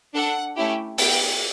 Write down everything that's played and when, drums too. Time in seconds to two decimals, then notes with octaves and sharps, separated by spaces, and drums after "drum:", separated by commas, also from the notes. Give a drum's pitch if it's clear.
0.13 D4 A4 F#5
0.56 A3 C#4 E4 G4
0.98 B3 E4 G4 G5, drum: open hi-hat